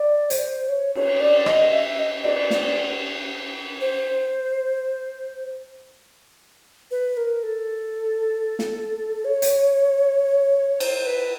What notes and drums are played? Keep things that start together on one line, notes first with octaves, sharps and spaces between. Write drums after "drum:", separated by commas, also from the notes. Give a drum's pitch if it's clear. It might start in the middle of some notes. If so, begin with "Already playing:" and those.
Already playing: D5
C5, drum: hi-hat
C#5
C#5, drum: cymbal
D5
D#5, drum: rim click
E5
D#5
D5, drum: cymbal
D5, drum: snare
C5
B4
A#4
A4
drum: snare
C#5
drum: hi-hat
C5, drum: cymbal
B4